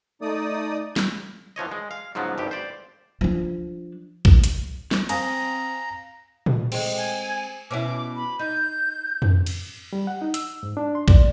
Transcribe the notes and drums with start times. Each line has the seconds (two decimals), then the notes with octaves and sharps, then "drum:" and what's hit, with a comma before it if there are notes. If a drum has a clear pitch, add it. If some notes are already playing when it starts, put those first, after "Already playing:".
0.22 A3 D#4 D5 D#6
0.96 drum: snare
1.56 E3 F3 C#5 D#5
1.72 G#3
1.91 F5
2.15 G#2 C#3 F3 F#3 B3
2.38 G#1 G2 G4
2.51 C5 D5
3.21 F3 D4
4.25 drum: kick A#1
4.44 drum: hi-hat
4.91 drum: snare
5.09 C4 F5 G#5 A#5 D#6, drum: cymbal
6.46 drum: tom A#2
6.72 G#3 C4, drum: cymbal
6.97 G#5
7.71 B2 C#4 E4 D6
8.16 B5
8.39 D#4 G6
9.22 drum: tom F2
9.46 drum: cymbal
9.93 G3
10.07 F#5
10.22 D#4
10.34 E6, drum: hi-hat
10.63 G#2
10.77 D4
10.95 C6
11.08 D5, drum: kick A#1